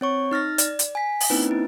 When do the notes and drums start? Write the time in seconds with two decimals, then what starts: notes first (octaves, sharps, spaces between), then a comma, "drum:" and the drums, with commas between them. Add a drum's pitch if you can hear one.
0.01 C4 C#5 C#6
0.31 D#4 F6 A6 A#6
0.58 D5, drum: hi-hat
0.79 drum: hi-hat
0.95 G#5 B6
1.20 drum: open hi-hat
1.30 A#3 C4 C#4 D#4 E4 B4
1.51 E4